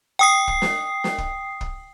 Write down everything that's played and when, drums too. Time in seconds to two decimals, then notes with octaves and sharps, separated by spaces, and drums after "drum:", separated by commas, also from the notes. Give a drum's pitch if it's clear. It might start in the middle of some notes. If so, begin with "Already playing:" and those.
0.19 G5 D#6 C7
0.48 drum: kick
0.62 drum: snare
1.04 drum: snare
1.18 drum: kick
1.61 drum: kick